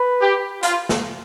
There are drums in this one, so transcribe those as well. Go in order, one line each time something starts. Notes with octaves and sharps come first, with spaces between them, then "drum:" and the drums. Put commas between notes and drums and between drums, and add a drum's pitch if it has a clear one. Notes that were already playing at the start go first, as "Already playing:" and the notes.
Already playing: B4
G4
F4, drum: hi-hat
drum: snare